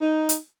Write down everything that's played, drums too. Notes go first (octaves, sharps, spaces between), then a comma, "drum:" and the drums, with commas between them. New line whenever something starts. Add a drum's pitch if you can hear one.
D#4
drum: hi-hat